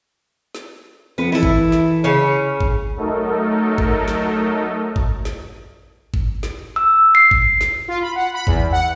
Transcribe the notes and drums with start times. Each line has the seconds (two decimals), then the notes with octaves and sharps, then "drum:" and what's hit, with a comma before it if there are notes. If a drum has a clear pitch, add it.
0.55 drum: snare
1.18 F2 B3
1.32 E3 E4 A4
1.43 drum: kick G#1
1.72 drum: snare
2.04 C#3 C#4
2.61 drum: kick G#1
2.96 F#3 A3 D#4 A4 A#4 D#5
3.78 drum: kick G#1
4.08 drum: snare
4.96 drum: kick G#1
5.25 drum: snare
6.14 drum: kick G#1
6.43 drum: snare
6.76 E6
7.15 C7
7.31 drum: kick G#1
7.61 drum: snare
7.88 F4
8.02 B5
8.16 F#5
8.34 B5
8.47 E2, drum: kick G#1
8.72 F#5